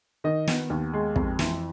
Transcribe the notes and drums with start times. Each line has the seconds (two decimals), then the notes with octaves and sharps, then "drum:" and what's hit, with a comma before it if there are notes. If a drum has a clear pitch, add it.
0.24 D#3 D#5
0.48 B3, drum: snare
0.70 D#2
0.93 G#3
1.16 F2, drum: kick
1.39 E3, drum: snare